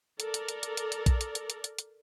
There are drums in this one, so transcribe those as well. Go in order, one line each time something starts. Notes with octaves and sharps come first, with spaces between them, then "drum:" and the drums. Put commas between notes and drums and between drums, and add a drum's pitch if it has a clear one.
A4 A#4 D5, drum: hi-hat
drum: hi-hat
drum: hi-hat
drum: hi-hat
drum: hi-hat
drum: hi-hat
drum: kick A#1, hi-hat
drum: hi-hat
drum: hi-hat
drum: hi-hat
drum: hi-hat
drum: hi-hat